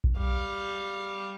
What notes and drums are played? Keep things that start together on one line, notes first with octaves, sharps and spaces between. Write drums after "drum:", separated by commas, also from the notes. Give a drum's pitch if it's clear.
drum: kick A#1
G3 F5